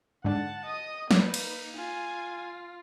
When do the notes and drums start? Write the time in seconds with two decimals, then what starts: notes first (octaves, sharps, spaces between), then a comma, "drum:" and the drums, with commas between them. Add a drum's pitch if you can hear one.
0.24 G#2 D3 F#5 A5
0.65 D#5 D#6
1.11 A#3 D#4 B4 D5, drum: snare
1.34 drum: cymbal
1.76 F4 G#5